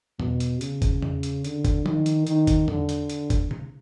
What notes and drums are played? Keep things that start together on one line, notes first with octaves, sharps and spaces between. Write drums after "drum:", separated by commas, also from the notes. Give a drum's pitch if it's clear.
B2, drum: tom E2
drum: hi-hat
C#3, drum: hi-hat
drum: kick F#1, hi-hat
drum: tom E2
drum: hi-hat
D3, drum: hi-hat
drum: kick F#1, hi-hat
D#3, drum: tom F3
drum: hi-hat
D#3, drum: hi-hat
drum: kick F#1, hi-hat
D3, drum: tom E2
drum: hi-hat
drum: hi-hat
drum: kick F#1, hi-hat
drum: tom C3